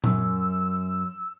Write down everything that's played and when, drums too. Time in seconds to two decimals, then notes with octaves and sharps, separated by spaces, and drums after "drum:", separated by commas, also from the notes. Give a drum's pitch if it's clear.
0.04 F#2 E6, drum: tom A#2